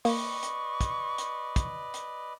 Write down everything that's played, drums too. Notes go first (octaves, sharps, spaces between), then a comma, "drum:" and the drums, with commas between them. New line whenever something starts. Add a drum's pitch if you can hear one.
A#3 B4 D5 D#5 C#6, drum: open hi-hat
drum: hi-hat
drum: kick, hi-hat
drum: hi-hat
drum: kick, hi-hat
drum: hi-hat